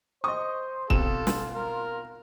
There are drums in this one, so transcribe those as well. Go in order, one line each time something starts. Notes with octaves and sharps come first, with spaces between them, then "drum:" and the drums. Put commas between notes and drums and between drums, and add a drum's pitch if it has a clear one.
C5 D#5 C#6 D#6
B1 C4 F4 G4 A4 E7, drum: kick
drum: snare
A#4